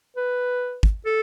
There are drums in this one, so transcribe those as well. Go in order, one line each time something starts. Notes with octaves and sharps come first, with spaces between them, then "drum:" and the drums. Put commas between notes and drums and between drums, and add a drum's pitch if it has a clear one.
B4
drum: kick
A4